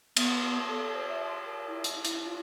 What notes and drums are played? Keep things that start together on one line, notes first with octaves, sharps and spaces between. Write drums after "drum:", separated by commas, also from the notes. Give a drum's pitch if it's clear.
B3, drum: cymbal
A4
C5
E5
C6
A#4
E4
drum: hi-hat
E4, drum: hi-hat
F4